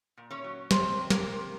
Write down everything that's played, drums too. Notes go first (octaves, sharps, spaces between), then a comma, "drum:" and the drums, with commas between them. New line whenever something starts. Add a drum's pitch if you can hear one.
A#2
C#4 C#5
F#3
F2 C4 C5, drum: snare
C3
A#3 A#4, drum: snare
C3